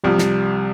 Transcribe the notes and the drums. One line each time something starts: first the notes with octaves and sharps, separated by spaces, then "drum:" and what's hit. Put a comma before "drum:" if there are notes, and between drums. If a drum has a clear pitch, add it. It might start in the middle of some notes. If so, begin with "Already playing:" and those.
C2 C3 F3 G3
drum: snare